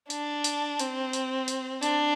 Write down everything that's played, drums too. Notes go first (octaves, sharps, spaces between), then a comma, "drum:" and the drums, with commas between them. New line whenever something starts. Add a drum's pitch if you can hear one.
D4, drum: hi-hat
drum: hi-hat
C4, drum: hi-hat
drum: hi-hat
drum: hi-hat
D4, drum: hi-hat